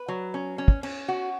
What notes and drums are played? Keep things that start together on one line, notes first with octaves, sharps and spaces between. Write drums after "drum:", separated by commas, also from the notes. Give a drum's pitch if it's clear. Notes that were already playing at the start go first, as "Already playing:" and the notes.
Already playing: B4
F#3
C#4
C#4
drum: kick
C#4, drum: cymbal
F#4